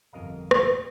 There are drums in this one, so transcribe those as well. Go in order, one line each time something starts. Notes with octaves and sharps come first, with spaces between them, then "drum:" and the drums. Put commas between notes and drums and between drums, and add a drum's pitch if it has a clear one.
G1 F2 A#4 D#5 F5 A#5
drum: rim click